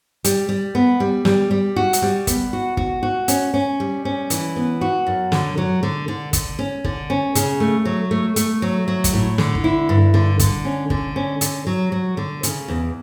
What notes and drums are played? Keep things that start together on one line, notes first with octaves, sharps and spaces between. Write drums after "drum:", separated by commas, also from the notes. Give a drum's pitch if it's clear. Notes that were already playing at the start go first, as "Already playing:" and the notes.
G3, drum: hi-hat
G3
B3
G3
G3, drum: snare
G3
F#4
drum: hi-hat
G3
B3, drum: kick, hi-hat
F#4
F#4, drum: kick
F#4
C#4, drum: hi-hat
C#4
G3
C#4
E3, drum: hi-hat
B3
F#4
F#2
D3, drum: snare
F#3
D3
D3
D3, drum: kick, hi-hat
C#4
D3, drum: kick
C#4
C#3, drum: hi-hat
A3
F#3
A3
A3, drum: hi-hat
F#3
F#3
drum: kick, hi-hat
A2
D3, drum: snare
drum: kick
E4
G2
D3
D3, drum: kick, hi-hat
C#4
D3, drum: kick
C#4
D3, drum: hi-hat
F#3
F#3
D3
C#3, drum: hi-hat
E2